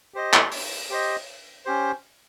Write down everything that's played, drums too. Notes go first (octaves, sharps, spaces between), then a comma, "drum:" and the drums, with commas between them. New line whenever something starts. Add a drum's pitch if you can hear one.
G4 C5 D#5
drum: clap
drum: open hi-hat
G4 C5 D#5
C#4 G4 C5